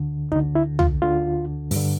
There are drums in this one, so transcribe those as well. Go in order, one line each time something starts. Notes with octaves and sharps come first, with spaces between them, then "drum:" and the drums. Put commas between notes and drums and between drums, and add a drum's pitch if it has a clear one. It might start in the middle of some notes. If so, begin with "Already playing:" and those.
Already playing: D2 D3
D2 D3 D#4, drum: kick
E4
F4, drum: tom
D2 D3 F4
G2 D3, drum: open hi-hat